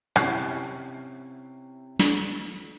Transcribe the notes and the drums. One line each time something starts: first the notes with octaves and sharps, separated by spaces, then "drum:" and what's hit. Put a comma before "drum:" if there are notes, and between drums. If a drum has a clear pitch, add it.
C3 C4 C#4 E4 C#6 C7, drum: rim click
drum: snare